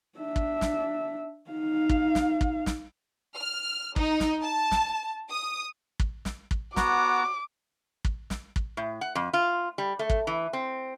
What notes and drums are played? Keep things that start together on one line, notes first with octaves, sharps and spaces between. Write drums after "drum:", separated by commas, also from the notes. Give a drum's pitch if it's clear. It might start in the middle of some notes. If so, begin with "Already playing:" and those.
D4 E5
drum: kick
drum: snare
D#4 F5
drum: kick
drum: snare
drum: kick
drum: snare
F6
D#4, drum: kick
drum: snare
A5
drum: snare
D#6
drum: kick
drum: snare
drum: kick
B3 F#4 A#5 D6, drum: snare
drum: kick
drum: snare
drum: kick
A2
F#5
F2
F4
G3
A3
drum: kick
E3
C4